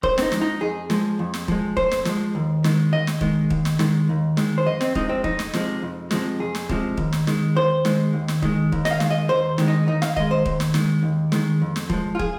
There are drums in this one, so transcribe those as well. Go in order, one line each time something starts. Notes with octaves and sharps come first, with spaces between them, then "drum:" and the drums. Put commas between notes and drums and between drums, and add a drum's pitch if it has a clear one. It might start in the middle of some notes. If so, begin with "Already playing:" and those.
F2 C5, drum: kick
C4, drum: snare
D#4
F3 G#3, drum: snare
D#4
F2 G#4
F3 G#3, drum: snare
F2
drum: snare
F3 G#3, drum: kick
F2 C5, drum: kick
drum: snare
F3 G#3, drum: snare
D#2
D#3 G#3, drum: snare
D#2 D#5
drum: snare
D#3 G#3, drum: kick
D#2, drum: kick
drum: snare
D#3 G#3, drum: snare
D#2
D#3 G#3, drum: snare
C5
F2 D#5
C4, drum: snare
C3 F3 G#3 D#4, drum: kick
C4
F2 D#4, drum: kick
drum: snare
C3 F3 G#3, drum: snare
F2
C3 F3 G#3, drum: snare
F2 G#4
drum: snare
C3 F3 G#3, drum: kick
D#2, drum: kick
drum: snare
D#3 G#3, drum: snare
D#2 C5
D#3 G#3, drum: snare
D#2
drum: snare
D#3 G#3, drum: kick
D#2, drum: kick
D#5, drum: snare
F5
D#3 G#3, drum: snare
D#5
D#2 C5
D#3 G#3, drum: snare
D#4
D#2 D#4
F5, drum: snare
D#3 G#3 D#5, drum: kick
C5
D#2, drum: kick
drum: snare
D#3 G#3, drum: snare
D#2
D#3 G#3, drum: snare
F2
drum: snare
F3 G#3, drum: kick
F4
G#4, drum: kick